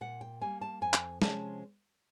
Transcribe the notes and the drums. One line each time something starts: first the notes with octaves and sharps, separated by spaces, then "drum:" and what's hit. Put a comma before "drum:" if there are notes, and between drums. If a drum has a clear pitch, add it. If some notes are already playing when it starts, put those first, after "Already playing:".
A#2 F#5
G5
G3 A#3 G#5
A5
F2 G#5
drum: clap
C3 F3 G#3 C#4 A5, drum: snare